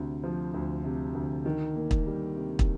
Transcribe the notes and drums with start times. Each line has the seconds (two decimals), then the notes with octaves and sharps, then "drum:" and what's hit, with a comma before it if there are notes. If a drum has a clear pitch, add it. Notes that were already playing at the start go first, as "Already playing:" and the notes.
Already playing: D2 C3
0.24 F3
0.54 D2
0.84 C3
1.15 D2
1.46 D#3
1.76 A#3
1.91 drum: kick
2.07 G3
2.36 C3
2.59 drum: kick